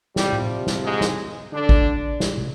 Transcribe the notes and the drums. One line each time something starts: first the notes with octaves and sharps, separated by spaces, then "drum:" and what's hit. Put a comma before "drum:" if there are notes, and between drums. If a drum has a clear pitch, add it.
C3 F3 G3, drum: snare
drum: tom A2
drum: snare
G#2 G#3
drum: snare
D3 D4
drum: kick G#1
drum: snare
drum: tom